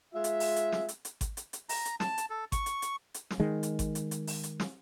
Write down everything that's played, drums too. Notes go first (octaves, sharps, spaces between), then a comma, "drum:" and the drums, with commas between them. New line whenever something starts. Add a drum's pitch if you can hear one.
G#3 F4 E5
drum: hi-hat
drum: open hi-hat
drum: hi-hat
drum: snare
drum: hi-hat
drum: hi-hat
drum: kick G#1, hi-hat
drum: hi-hat
drum: hi-hat
A#5, drum: open hi-hat
drum: hi-hat
A5, drum: snare
drum: hi-hat
A4
C#6, drum: kick G#1, hi-hat
drum: hi-hat
drum: hi-hat
drum: hi-hat
drum: snare
D#3 G#3
drum: hi-hat
drum: kick G#1, hi-hat
drum: hi-hat
drum: hi-hat
drum: open hi-hat
drum: hi-hat
drum: snare